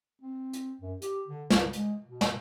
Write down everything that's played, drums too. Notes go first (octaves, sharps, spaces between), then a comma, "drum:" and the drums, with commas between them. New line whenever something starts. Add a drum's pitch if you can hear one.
C4
drum: hi-hat
F#2
G4, drum: hi-hat
D3
C2, drum: snare
G#3, drum: hi-hat
B2
drum: snare